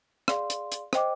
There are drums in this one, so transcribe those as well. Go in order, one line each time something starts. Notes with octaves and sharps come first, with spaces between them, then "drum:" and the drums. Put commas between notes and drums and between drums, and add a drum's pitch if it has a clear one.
G#4 D5 F5 C6, drum: rim click
drum: hi-hat
drum: hi-hat
C5 D#5 G5 D6, drum: rim click